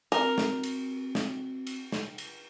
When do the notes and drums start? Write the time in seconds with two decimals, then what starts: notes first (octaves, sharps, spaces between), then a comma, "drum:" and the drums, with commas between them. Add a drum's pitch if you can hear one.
0.12 C4 F#4 A#4, drum: cymbal
0.38 drum: snare
0.64 drum: cymbal
1.15 drum: snare
1.67 drum: cymbal
1.92 drum: snare
2.18 drum: cymbal